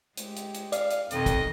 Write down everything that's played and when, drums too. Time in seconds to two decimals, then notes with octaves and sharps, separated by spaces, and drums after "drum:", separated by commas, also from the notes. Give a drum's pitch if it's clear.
0.17 G#3 G4, drum: hi-hat
0.36 drum: hi-hat
0.54 drum: hi-hat
0.72 D5 F5, drum: hi-hat
0.90 drum: hi-hat
1.11 F2 B2 D#3 D#5, drum: hi-hat
1.26 drum: kick, hi-hat